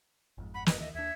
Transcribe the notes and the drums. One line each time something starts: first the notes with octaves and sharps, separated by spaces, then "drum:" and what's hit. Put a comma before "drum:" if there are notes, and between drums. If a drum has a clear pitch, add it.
G1 F2 G#2
F#5 B5
B4 D#5, drum: snare
D2 D#3 E3 D#5 E5
D#2 D4 E5 G#6